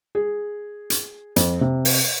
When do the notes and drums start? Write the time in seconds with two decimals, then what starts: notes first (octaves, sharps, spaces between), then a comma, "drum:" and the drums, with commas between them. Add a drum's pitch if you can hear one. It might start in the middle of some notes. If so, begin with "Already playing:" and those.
0.15 G#4
0.90 drum: hi-hat
1.36 F2, drum: hi-hat
1.61 C3
1.85 drum: open hi-hat